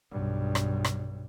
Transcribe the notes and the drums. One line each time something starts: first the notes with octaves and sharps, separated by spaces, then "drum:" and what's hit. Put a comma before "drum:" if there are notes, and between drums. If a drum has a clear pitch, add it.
B1 G2
drum: rim click
drum: rim click